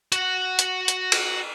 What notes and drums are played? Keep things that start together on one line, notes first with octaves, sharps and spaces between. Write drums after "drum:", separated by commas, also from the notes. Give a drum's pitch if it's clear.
F#4 F#5, drum: hi-hat
drum: hi-hat
drum: hi-hat
drum: cymbal